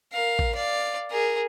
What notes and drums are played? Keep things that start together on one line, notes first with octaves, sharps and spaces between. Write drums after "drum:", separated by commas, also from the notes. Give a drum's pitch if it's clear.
A#4 F5
drum: kick A1
D5 F5
G#4 A#4